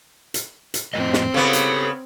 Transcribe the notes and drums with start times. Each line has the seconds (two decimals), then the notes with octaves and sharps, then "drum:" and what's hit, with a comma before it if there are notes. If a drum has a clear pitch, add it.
0.34 drum: hi-hat
0.74 drum: hi-hat
0.94 F2 A2 C4 D#5
1.13 drum: snare
1.34 C#3 B3 G4 A4
1.53 drum: hi-hat